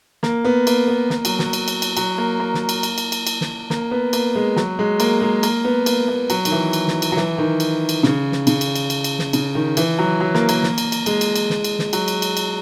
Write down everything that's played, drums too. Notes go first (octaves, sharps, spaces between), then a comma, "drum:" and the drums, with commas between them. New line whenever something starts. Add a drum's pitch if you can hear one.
A#3, drum: snare
B3
A#3, drum: cymbal
B3
A#3, drum: snare
F#3, drum: cymbal
F#3, drum: snare
drum: cymbal
drum: cymbal
drum: cymbal
F#3, drum: cymbal
A#3
A#3
drum: snare
drum: cymbal
drum: cymbal
drum: cymbal
drum: cymbal
drum: cymbal
drum: snare
A#3, drum: snare
B3
A#3, drum: cymbal
G#3
F#3, drum: snare
G#3
A#3, drum: cymbal
G#3
A#3, drum: cymbal
B3
A#3, drum: cymbal
A#3
F#3, drum: cymbal
D#3, drum: cymbal
E3
drum: cymbal
drum: snare
drum: cymbal
F#3
E3, drum: snare
D#3
drum: cymbal
drum: cymbal
C#3, drum: snare
drum: snare
C#3, drum: cymbal
drum: cymbal
drum: cymbal
drum: cymbal
drum: cymbal
drum: snare
C#3, drum: cymbal
D#3
E3, drum: cymbal
F#3
F#3
A#3, drum: snare
A#3, drum: cymbal
drum: snare
drum: cymbal
drum: cymbal
G#3, drum: cymbal
drum: cymbal
drum: cymbal
drum: snare
drum: cymbal
drum: snare
F#3, drum: cymbal
drum: cymbal
drum: cymbal
drum: cymbal